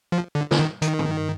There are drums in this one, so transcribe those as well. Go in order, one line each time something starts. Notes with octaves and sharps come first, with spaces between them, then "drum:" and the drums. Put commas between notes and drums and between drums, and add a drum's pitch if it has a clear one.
F3
D3
D3, drum: snare
D#3
D#3, drum: hi-hat
drum: tom